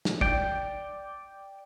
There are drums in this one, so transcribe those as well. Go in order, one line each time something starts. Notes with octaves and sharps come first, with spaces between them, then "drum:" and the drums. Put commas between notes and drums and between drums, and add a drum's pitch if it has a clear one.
drum: snare
D5 G5, drum: kick